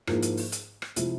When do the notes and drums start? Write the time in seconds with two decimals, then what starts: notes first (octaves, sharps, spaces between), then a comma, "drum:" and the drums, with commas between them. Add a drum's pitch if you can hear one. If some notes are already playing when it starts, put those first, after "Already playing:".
0.07 G#2 F3 A#3 E4 G#4, drum: rim click
0.22 drum: hi-hat
0.37 drum: open hi-hat
0.52 drum: hi-hat
0.82 drum: rim click
0.96 C3 F3 G#3 E4, drum: hi-hat